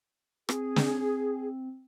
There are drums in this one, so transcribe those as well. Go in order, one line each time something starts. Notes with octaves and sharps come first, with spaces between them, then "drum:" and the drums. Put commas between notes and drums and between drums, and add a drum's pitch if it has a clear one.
C4 G#4, drum: rim click
drum: snare